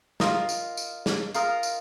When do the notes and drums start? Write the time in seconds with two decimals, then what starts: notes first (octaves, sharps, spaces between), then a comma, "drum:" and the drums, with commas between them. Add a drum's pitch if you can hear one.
0.20 F4 A#4 D#5, drum: snare
0.49 drum: tambourine
0.77 drum: tambourine
1.06 drum: snare
1.34 F4 A#4 D#5, drum: tambourine
1.63 drum: tambourine